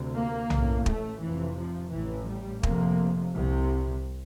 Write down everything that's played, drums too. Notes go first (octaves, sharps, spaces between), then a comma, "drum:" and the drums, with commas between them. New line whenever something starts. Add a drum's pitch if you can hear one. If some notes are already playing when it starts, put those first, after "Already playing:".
Already playing: D2 C3
A#3
A1 A2, drum: tom B1
A3, drum: kick
F1 F2 C3 E3
F3
A1 A2 E3
G3
F1 F2 C3 A#3, drum: kick
C2 C3